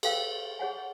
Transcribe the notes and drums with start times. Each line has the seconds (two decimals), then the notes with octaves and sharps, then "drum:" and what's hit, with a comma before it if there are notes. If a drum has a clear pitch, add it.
0.03 A4 B4 F5 G5 E6, drum: cymbal
0.59 G#4 C#5 F#5 G#5